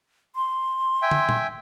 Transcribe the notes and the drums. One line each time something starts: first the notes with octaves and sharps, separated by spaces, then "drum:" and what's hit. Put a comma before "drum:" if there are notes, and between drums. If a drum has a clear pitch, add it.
C6
E5 G5 G#5
drum: tom
drum: tom A#2